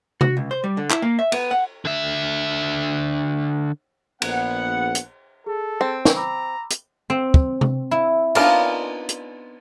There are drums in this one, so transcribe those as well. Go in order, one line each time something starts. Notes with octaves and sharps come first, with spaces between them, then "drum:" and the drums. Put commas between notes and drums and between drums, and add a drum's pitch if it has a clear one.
F#4, drum: tom C3
C#2
C5
G3
D3
E4, drum: clap
A#3
E5
B3, drum: cymbal
F#5
D3 E5
A#1 B3 F#5, drum: cymbal
drum: hi-hat
G#4 A4
C4
drum: snare
A#5 B5 D6 E6
drum: hi-hat
C4
drum: kick
drum: tom C3
E4
B3 D4 D#4 F4 A#4, drum: cymbal
drum: hi-hat